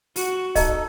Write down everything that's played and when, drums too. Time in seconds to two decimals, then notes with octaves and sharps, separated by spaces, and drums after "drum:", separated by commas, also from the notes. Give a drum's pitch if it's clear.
0.16 F#4, drum: open hi-hat
0.55 D#4 A4 D#5, drum: kick, open hi-hat